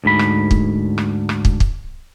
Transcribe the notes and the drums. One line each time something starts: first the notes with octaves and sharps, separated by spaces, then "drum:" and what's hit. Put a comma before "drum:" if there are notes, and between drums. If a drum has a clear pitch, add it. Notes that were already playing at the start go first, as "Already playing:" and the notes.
D2 G#2 B5
drum: rim click
drum: kick
drum: rim click
drum: rim click
drum: kick
drum: kick